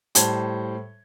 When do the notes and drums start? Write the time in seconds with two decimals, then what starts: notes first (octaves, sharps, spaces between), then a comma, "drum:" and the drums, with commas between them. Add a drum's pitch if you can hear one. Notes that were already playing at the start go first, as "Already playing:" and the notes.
0.15 A2 G3 C5 A5 G#6 G7, drum: hi-hat